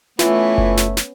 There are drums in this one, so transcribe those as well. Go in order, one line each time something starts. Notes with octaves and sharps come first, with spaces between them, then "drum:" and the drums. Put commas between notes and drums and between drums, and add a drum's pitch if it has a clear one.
E3 A3 B3 C#4 F4, drum: snare
drum: kick F#1
drum: snare
drum: snare